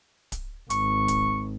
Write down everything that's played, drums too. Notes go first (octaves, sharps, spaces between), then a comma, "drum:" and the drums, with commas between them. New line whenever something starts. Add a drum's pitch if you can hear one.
drum: kick D1, hi-hat
G#1 C#6, drum: hi-hat
drum: kick D1, hi-hat